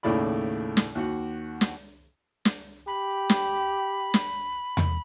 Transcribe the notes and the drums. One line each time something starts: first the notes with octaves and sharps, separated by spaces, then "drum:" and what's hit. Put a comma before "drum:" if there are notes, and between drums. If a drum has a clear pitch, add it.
D#2 A2 C#3 A3 D5 B5
drum: snare
D#2 F#4 F#5
drum: snare
drum: snare
G4 B5
drum: snare
drum: snare
drum: tom E2